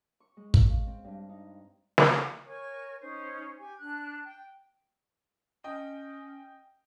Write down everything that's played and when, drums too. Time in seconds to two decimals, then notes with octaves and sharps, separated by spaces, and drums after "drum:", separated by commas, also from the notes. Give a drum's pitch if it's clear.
0.20 C#6
0.37 G#3
0.54 F5, drum: kick
0.87 C4
1.04 G2
1.29 D#4
1.98 drum: snare
2.45 A#4 C#5 G#5 C#6
3.01 C#4 D#4 C5
3.59 G4 G#5
3.79 D4 F#6
4.25 G5
5.64 C#4 D#5 G5 D#6